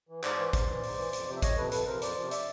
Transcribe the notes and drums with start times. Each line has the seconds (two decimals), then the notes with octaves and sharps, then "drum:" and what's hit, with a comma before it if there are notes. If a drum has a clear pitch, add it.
0.09 E3
0.24 G#2 C5 D5, drum: clap
0.38 E3
0.53 G#2, drum: kick, hi-hat
0.69 E3
0.83 G#2, drum: open hi-hat
0.98 E3
1.13 F2, drum: hi-hat
1.27 C3 F3
1.37 E5
1.42 F2 C#5 D#5, drum: kick, hi-hat
1.57 C3 F3 A4 B4
1.72 F2 A4 B4, drum: hi-hat
1.86 C3 F3 A#4 C5
2.02 F2 C5 D5, drum: hi-hat
2.17 C3 F3
2.31 D5 E5, drum: hi-hat